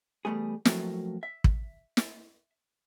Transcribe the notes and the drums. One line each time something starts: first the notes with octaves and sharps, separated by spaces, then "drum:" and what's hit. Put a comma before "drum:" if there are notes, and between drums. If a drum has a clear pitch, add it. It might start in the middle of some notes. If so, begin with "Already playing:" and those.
E2 G3 A3 B3 G#4
F3 F#3 A3 A#3 C4 F#4, drum: snare
E5
drum: kick
drum: snare